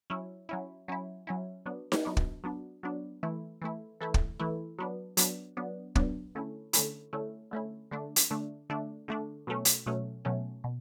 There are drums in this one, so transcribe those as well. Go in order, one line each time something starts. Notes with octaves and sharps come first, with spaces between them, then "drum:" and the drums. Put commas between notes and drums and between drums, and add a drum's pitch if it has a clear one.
F#3 C#4 E4
F#3 C#4 E4
F#3 C#4 E4
F#3 C#4 E4
F#3 B3 D4
drum: snare D#4
F#3 B3 D4
drum: kick
F#3 B3 D4
F#3 B3 D4
E3 A3 E4
E3 A3 E4
E3 A3 E4
drum: kick
E3 A3 E4
F#3 B3 D4
F#3 B3 D4, drum: hi-hat
F#3 B3 D4
F#3 B3 D4, drum: kick
D3 A3 C#4 E4
D3 A3 C#4 E4, drum: hi-hat
D3 A3 C#4 E4
D3 A3 C#4 E4
D3 A3 D4
drum: hi-hat
D3 A3 D4
D3 A3 D4
D3 A3 D4
B2 F#3 A3 C#4
drum: hi-hat
B2 F#3 A3 C#4
B2 F#3 A3 C#4
B2